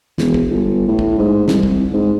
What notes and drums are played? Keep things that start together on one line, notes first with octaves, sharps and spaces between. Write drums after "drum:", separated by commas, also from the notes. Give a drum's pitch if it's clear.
E1, drum: snare
drum: kick
G1
A2
drum: kick
G#2
C2, drum: snare
drum: kick
G#2